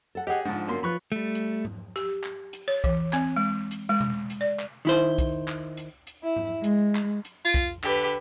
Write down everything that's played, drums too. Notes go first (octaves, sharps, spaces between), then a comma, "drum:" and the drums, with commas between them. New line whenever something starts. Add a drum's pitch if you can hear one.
A4 F#5
G4 G#4 D#5 F#5
G#2 F3 D4
F#2 A#3 C6
F3 F4 B4 B5 C#6 F#6
G3 A3
drum: hi-hat
drum: tom G#2
G4, drum: hi-hat
drum: clap
drum: hi-hat
C#5
E3, drum: kick, hi-hat
C4, drum: clap
G#3
drum: hi-hat
G#3
drum: tom B2
drum: hi-hat
D5
drum: clap
D#3 E4 C5
drum: kick, hi-hat
drum: clap
drum: hi-hat
drum: hi-hat
E4
drum: tom G#2
G#3, drum: hi-hat
drum: clap
drum: hi-hat
F4
drum: kick, hi-hat
D3 G4 B4, drum: clap